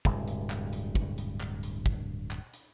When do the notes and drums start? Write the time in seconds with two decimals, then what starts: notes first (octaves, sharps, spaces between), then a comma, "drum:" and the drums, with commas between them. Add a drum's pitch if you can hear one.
0.05 D1 G2 C3 G#3, drum: kick
0.28 drum: hi-hat
0.50 drum: clap
0.73 drum: hi-hat
0.95 drum: kick
1.18 drum: hi-hat
1.41 drum: clap
1.63 drum: hi-hat
1.86 drum: kick
2.31 drum: clap
2.53 drum: hi-hat